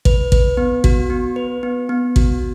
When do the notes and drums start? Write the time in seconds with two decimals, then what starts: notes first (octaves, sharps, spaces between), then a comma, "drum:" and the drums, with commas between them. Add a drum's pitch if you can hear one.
0.05 B4, drum: kick
0.32 B4, drum: kick
0.57 B3
0.84 F#4, drum: kick
1.10 B3
1.36 B4
1.63 B3
1.89 B3
2.16 F#4, drum: kick